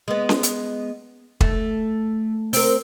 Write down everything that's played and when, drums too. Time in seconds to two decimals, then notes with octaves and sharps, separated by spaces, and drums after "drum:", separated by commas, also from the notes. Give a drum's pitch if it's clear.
0.08 G#3 B3
0.29 drum: snare C#4
0.43 drum: hi-hat
1.41 A3, drum: kick
2.53 C4 A#4, drum: open hi-hat